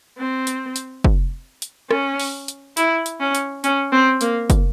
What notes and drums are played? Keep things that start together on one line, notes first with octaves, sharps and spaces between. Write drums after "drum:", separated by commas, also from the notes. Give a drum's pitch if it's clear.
C4
drum: hi-hat
drum: hi-hat
drum: kick
drum: hi-hat
C#4, drum: rim click
drum: open hi-hat
drum: hi-hat
E4, drum: hi-hat
drum: hi-hat
C#4
drum: hi-hat
C#4, drum: hi-hat
C4
A#3, drum: hi-hat
drum: kick, hi-hat